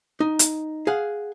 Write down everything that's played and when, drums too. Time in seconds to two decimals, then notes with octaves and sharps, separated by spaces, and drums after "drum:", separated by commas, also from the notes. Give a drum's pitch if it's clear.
0.20 D#4
0.39 drum: hi-hat
0.87 G#4 F5 F#5